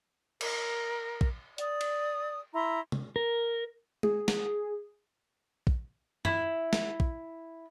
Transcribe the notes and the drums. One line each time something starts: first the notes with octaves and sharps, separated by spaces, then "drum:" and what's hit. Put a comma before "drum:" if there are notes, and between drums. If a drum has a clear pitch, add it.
A#4, drum: cymbal
drum: kick
D5 D#6, drum: hi-hat
drum: cymbal
E4 A#5 C6
drum: tom
A#4
G#4, drum: tom G#3
drum: snare
drum: kick
E4, drum: tom
drum: snare
drum: kick